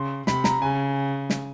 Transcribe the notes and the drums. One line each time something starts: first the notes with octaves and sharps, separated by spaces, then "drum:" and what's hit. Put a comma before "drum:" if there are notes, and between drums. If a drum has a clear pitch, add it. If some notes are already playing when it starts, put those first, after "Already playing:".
Already playing: C#3 C6
C3 B5, drum: snare
A#5, drum: snare
C#3 G#5
drum: snare